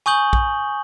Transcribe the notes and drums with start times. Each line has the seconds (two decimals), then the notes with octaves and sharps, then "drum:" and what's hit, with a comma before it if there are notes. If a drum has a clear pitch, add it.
0.06 G#5 C#6 D#6 G6 F#7 G7
0.33 drum: kick A#1